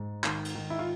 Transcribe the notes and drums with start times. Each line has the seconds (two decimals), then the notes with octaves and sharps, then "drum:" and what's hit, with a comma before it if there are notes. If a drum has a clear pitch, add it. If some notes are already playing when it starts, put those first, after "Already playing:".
Already playing: G#2
0.24 D#3, drum: clap
0.45 drum: cymbal
0.55 D#3
0.70 E4
0.79 F4